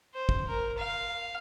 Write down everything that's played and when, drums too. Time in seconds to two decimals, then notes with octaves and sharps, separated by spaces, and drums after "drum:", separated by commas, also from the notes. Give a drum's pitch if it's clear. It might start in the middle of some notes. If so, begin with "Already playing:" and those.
0.14 C5
0.29 drum: kick
0.48 A#4
0.78 F5